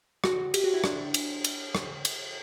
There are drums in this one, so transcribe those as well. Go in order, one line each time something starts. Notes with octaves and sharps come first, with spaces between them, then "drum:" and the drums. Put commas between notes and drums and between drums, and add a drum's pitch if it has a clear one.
F#4, drum: rim click
G4, drum: cymbal
F#4
E4
D4, drum: rim click
drum: cymbal
drum: cymbal
drum: rim click
drum: cymbal